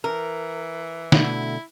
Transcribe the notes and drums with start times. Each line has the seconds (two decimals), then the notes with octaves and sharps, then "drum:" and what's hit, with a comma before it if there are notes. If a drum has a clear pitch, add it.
0.04 E3 A#4
1.12 B2 D3 A3 E4, drum: snare